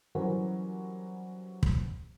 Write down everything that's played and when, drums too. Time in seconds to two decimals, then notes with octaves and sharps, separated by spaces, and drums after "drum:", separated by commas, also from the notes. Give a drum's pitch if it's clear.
0.15 E3 F#3 G3 C#4 A#4 C5
1.63 drum: kick